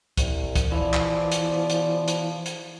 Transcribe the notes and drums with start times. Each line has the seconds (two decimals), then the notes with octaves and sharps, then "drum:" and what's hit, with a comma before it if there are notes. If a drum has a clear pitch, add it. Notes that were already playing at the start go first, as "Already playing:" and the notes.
0.17 C2, drum: kick, hi-hat
0.56 drum: kick, hi-hat
0.72 E2 B2 E3 F3 D5
0.94 drum: clap
1.32 drum: hi-hat
1.70 drum: hi-hat
2.08 drum: hi-hat
2.46 drum: hi-hat